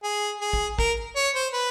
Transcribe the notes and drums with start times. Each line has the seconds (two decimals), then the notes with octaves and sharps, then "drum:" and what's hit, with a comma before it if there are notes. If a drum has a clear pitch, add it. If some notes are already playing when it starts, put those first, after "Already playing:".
0.03 G#4
0.41 G#4
0.53 drum: kick
0.79 A#4, drum: kick
1.16 C#5
1.35 C5
1.53 B4